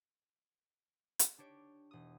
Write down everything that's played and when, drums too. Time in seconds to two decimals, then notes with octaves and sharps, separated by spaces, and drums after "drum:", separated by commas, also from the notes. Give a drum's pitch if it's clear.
1.19 drum: hi-hat
1.38 D4 G4 C#5 D7
1.91 E1 D#6